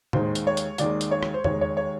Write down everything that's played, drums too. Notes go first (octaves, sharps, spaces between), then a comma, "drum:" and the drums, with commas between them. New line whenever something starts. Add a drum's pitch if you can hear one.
D#2 D#3 G#3 C5, drum: tom A2
drum: hi-hat
C#5
drum: hi-hat
D#2 D#3 G#3 D5, drum: hi-hat
drum: hi-hat
C#5
drum: rim click
C5
D#2 D#3 G#3 C#5, drum: tom E2
C#5
C#5